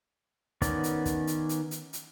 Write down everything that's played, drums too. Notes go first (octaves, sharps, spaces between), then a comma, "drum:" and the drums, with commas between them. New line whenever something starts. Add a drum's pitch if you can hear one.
D#3 B3 C#4 D5, drum: kick, hi-hat
drum: hi-hat
drum: kick, hi-hat
drum: hi-hat
drum: hi-hat
drum: hi-hat
drum: hi-hat